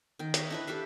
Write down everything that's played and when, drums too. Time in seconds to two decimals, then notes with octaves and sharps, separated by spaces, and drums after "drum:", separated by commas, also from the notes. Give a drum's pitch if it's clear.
0.19 D#3 G5
0.34 C#5 D#5 E5, drum: hi-hat
0.50 D4 E4 B4
0.67 G4 A4 E5 F5